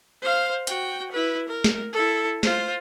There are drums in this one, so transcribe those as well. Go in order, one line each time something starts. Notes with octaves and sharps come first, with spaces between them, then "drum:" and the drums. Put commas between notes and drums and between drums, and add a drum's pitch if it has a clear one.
C5 F5
F#4 G5, drum: hi-hat
E4 B4
A#4
drum: snare
E4 A4
F4 C5, drum: snare